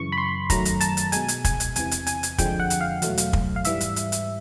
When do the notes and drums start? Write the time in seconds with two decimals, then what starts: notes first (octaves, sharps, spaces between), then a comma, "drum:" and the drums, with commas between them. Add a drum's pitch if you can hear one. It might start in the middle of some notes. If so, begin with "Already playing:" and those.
Already playing: F#2 C#3 E3 C#6
0.12 B5
0.18 C6
0.50 F#2 D#3 F#3 A3 A#5, drum: kick, hi-hat
0.65 drum: hi-hat
0.80 A5, drum: hi-hat
0.97 drum: hi-hat
1.12 B2 G#3 G#5, drum: hi-hat
1.28 drum: hi-hat
1.44 G#5, drum: kick, hi-hat
1.60 drum: hi-hat
1.76 E2 C3 E3 G#5, drum: hi-hat
1.91 drum: hi-hat
2.07 G#5, drum: hi-hat
2.23 drum: hi-hat
2.38 F2 D3 F3 G#3 G5, drum: kick, hi-hat
2.60 F#5
2.70 drum: hi-hat
2.81 F5
3.02 E2 B2 F#3 A3, drum: hi-hat
3.17 drum: hi-hat
3.33 drum: kick
3.56 F5
3.64 G#2 E3 G3 E5, drum: hi-hat
3.81 drum: hi-hat
3.96 drum: hi-hat
4.12 drum: hi-hat